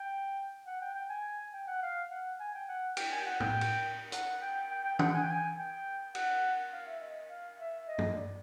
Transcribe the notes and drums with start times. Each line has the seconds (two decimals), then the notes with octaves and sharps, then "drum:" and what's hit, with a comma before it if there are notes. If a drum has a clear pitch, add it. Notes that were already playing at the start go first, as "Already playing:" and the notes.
Already playing: G5
0.67 F#5
0.81 G5
0.95 G5
1.09 G#5
1.53 G5
1.67 F#5
1.83 F5
2.11 F#5
2.40 G#5
2.54 G5
2.69 F#5
2.97 G5, drum: cymbal
3.12 G#5
3.19 G5
3.27 F#5
3.40 G5, drum: tom
3.61 drum: cymbal
4.12 F#5, drum: hi-hat
4.41 G5
4.71 G5
4.85 G5
4.99 F#5, drum: tom E3
5.14 G#5
5.22 G5
5.31 G#5
5.57 G5
6.15 F#5, drum: cymbal
6.73 F5
6.87 E5
7.00 D#5
7.29 F5
7.58 E5
7.88 D#5
7.98 drum: tom G2
8.16 D5